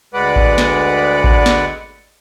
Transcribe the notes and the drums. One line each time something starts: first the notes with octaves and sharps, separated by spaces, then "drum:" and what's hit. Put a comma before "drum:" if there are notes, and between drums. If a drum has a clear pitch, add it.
D2 G#3 B4 D5 F#5
drum: kick A1
drum: snare
drum: kick A1
drum: snare